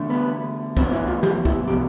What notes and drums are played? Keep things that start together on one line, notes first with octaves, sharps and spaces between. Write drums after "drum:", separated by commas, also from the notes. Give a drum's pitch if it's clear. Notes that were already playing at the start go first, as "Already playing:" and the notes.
Already playing: E2 D3 A3
B3
A2 E3 B3 C4, drum: kick
E4
F4
G4, drum: tom
E4, drum: kick
C3 F3 B3 G4